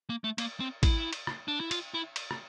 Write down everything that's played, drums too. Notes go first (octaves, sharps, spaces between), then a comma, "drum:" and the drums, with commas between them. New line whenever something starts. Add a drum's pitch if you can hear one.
A#3
A3
A#3, drum: cymbal
C4
E4, drum: kick, cymbal
drum: cymbal
drum: rim click
D4
E4
F4, drum: cymbal
E4
drum: cymbal
drum: rim click